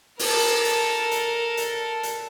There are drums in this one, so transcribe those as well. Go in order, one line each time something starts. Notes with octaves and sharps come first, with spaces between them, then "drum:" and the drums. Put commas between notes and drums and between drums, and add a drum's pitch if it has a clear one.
A4 A#4, drum: open hi-hat
drum: hi-hat
drum: hi-hat
drum: hi-hat
drum: hi-hat